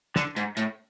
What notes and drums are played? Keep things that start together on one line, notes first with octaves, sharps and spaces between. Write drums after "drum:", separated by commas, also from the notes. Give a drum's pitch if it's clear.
D3, drum: snare
G#2, drum: hi-hat
A2, drum: hi-hat